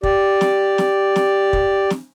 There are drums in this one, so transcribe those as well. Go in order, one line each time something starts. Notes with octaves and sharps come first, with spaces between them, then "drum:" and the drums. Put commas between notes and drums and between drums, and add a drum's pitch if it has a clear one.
G4 D5, drum: kick
drum: snare
drum: snare
drum: snare
drum: kick
drum: snare